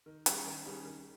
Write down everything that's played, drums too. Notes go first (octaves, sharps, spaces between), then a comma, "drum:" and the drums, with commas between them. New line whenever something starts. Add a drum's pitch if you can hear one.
D#3
G3 C#4 G#4, drum: hi-hat
D#3
G3 C#4 G#4
D#3